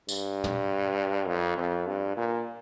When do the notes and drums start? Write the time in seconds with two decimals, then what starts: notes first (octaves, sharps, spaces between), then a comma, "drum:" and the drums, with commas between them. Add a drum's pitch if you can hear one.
0.09 G2, drum: tambourine
0.44 drum: tom
1.28 F2
1.58 F2
1.87 G2
2.17 A#2